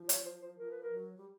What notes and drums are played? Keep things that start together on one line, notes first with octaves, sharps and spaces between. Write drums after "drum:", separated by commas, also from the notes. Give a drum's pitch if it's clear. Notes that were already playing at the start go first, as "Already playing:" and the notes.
Already playing: F3
C#5, drum: hi-hat
C5
C5
F3 A#4
B4
A#4
F#3
G3